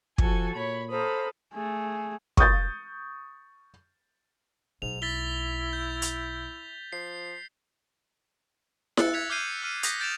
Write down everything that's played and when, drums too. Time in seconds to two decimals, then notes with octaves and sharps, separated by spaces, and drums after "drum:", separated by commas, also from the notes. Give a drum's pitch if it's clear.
0.18 F3 F#4 A4 G#5, drum: kick
0.55 A#2 C#5 B5
0.90 A4 C5 F5 A#5 B5 D#6
1.54 A3 G#4
2.37 C#6 D#6 G6 A6, drum: kick
4.82 B1 G#2 F7
5.02 E4 A6 B6 G7
5.73 G6
6.02 drum: hi-hat
6.92 F3 C7
8.97 E6 F#6 A6 C#7, drum: snare E4
9.13 F#6 G#6 B6 C#7 F7
9.30 D6 F6 G6 G#6 C7 D#7
9.62 E6 F6 D#7
9.83 D#6 G6 A#6 B6, drum: hi-hat
10.00 G6 A6 D7 E7 F7